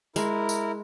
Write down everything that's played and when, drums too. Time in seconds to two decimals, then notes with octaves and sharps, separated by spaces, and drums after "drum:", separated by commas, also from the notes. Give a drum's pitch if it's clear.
0.16 G#3 E4 A#4, drum: tambourine
0.49 drum: tambourine